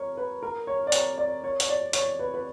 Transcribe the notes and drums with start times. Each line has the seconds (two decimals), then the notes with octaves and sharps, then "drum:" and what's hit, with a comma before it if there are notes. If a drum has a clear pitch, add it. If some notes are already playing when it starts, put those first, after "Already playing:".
Already playing: A#4 C#5
0.17 B4
0.43 A#4
0.67 C#5
0.87 D5
0.92 C#5, drum: hi-hat
1.18 D5
1.44 C#5
1.60 C#5, drum: hi-hat
1.69 D5
1.93 C#5, drum: hi-hat
2.19 B4
2.34 B4